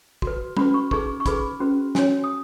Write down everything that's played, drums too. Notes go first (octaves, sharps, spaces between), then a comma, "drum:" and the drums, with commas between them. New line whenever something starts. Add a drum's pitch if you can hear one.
F#4, drum: kick
B4
C#4 F#4 B4 B5, drum: tom
C#6
D#4 G#4 B4 C#6, drum: kick
C#6
D#4 G#4 B4 B5, drum: kick, hi-hat
C#4 F#4 B4
C#4 F#4 C#5 G#5, drum: snare
D#6